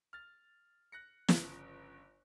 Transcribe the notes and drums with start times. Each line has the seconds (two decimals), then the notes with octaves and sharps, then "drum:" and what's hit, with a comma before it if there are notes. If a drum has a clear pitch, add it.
0.13 F6 A6
0.92 F#6 A#6 C#7
1.28 G1 C#3 F3, drum: snare